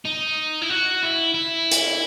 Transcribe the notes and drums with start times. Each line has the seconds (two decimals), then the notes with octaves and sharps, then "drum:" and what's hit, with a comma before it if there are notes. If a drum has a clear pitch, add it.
0.05 D#4
0.62 E4
0.69 F#4
1.03 E4
1.34 E4
1.71 drum: hi-hat